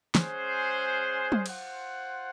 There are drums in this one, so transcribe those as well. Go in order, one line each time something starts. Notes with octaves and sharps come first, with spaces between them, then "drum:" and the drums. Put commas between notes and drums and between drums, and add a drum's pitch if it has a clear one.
G#3 C#4 G#4 C5 F#5, drum: snare
drum: tom F#3
F4 C5 F#5, drum: cymbal